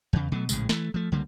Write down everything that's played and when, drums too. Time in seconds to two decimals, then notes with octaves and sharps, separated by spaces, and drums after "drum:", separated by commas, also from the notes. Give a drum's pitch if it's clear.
0.13 E2 C#3
0.32 B2 F#3 A3
0.49 A#1 A2 C#3 G#3, drum: tambourine
0.69 E3 A3, drum: snare
0.94 F3 A3
1.12 C#2 D3 G3 A#3